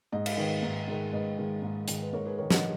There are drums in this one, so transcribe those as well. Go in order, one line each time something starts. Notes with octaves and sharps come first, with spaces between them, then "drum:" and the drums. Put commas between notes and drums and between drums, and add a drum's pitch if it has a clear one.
G#2 D#5
F5, drum: cymbal
D#3 G#3 B4 D#5
G#2
D#3 G#3
G#2 B4 D#5
D#3 G#3
G#2
D#3 G#3, drum: hi-hat
B4
G#2 A#4 C#5
G#4 B4
D#3 G#3 A#4 C#5
D#5 F#5, drum: snare